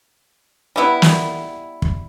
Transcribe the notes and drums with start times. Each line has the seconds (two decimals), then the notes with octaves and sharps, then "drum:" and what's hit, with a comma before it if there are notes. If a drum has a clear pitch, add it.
0.76 G3 B3 E4
1.02 drum: snare
1.82 drum: kick